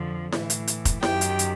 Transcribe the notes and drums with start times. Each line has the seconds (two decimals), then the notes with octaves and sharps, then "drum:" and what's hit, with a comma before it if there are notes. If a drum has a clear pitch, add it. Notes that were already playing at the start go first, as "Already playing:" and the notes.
Already playing: F2 D3 F3
0.32 A2 E3, drum: snare E4
0.50 drum: hi-hat
0.67 drum: hi-hat
0.85 drum: kick F1, hi-hat
1.03 F#2 D#3 G4 G5, drum: snare E4
1.21 drum: hi-hat
1.39 drum: hi-hat